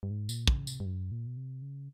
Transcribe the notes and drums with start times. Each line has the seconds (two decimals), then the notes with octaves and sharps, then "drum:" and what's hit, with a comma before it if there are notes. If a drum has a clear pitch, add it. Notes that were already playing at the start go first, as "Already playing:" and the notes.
0.03 G2
0.11 G#2
0.29 A#2, drum: tambourine
0.47 C#3, drum: kick
0.67 C3, drum: tambourine
0.80 G2
0.86 F#2
1.12 A#2
1.27 B2
1.37 C3
1.62 C#3